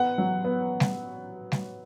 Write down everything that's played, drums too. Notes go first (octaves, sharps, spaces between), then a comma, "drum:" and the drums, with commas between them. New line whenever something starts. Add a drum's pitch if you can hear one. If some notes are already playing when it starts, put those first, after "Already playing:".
Already playing: B3 F#5
F#3
B3
drum: snare G3
drum: snare G3